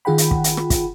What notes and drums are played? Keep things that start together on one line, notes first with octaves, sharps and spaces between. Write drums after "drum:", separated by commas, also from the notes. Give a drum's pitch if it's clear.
D#3 F4 G#4 F#5 G5 B5
drum: hi-hat
drum: kick
drum: hi-hat
drum: rim click
drum: kick, hi-hat